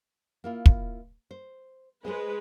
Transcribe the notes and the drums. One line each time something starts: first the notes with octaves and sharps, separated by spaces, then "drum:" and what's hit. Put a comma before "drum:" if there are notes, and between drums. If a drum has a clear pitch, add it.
A#3 E4 F4
drum: kick
C5
G#3 G#4 B4 C5 D#5